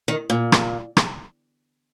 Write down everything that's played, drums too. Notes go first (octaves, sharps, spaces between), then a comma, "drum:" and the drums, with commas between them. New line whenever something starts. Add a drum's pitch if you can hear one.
D#3
A#2
drum: rim click
drum: rim click